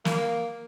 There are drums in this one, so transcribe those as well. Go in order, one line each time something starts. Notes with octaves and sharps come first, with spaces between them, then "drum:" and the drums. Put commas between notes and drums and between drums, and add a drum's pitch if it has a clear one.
A#3, drum: snare